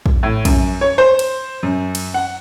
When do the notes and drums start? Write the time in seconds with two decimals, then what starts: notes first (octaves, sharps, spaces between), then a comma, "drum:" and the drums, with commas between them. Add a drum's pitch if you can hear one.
0.06 drum: kick A#1
0.23 A2
0.45 F#2, drum: kick A#1, cymbal
0.81 C#5
0.98 C5
1.19 drum: cymbal
1.63 F#2
1.95 drum: cymbal
2.14 F#5